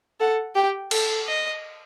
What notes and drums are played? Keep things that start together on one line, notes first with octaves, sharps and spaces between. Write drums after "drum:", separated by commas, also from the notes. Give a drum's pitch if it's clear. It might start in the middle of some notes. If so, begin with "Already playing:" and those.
A4 F#5
G4 G5
A4, drum: cymbal
D#5